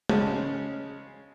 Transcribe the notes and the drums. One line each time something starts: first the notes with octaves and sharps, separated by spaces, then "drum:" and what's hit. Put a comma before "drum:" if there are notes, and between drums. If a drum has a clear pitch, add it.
C#3 G#3 C#4 A5, drum: tom